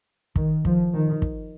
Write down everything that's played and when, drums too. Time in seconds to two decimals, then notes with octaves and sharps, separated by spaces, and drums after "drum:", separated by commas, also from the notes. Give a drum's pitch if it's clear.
0.36 D#3, drum: kick
0.65 F3, drum: kick
0.93 D#3
1.22 drum: kick